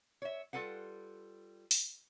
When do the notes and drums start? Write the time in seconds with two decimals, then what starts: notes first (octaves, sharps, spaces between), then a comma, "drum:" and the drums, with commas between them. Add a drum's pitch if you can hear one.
0.22 C#5 E5
0.53 G3 F4 A4 B4 F#5
1.71 drum: open hi-hat